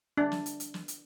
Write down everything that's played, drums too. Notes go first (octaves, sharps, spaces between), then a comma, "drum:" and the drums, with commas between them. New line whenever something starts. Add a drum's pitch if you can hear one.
D4
drum: snare
drum: hi-hat
drum: hi-hat
drum: snare
drum: hi-hat